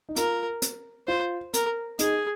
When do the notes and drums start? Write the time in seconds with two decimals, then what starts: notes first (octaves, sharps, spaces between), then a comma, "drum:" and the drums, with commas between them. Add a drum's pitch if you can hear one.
0.09 D#4
0.16 F4 A#4, drum: hi-hat
0.62 drum: hi-hat
1.07 F4 C5
1.54 A#4, drum: hi-hat
1.99 D#4 G#4, drum: hi-hat